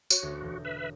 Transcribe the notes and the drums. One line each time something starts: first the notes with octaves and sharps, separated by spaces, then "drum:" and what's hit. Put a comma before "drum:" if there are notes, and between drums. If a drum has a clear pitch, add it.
F#4 C#5, drum: tambourine
D2 A#6
E1 G6
B4 E5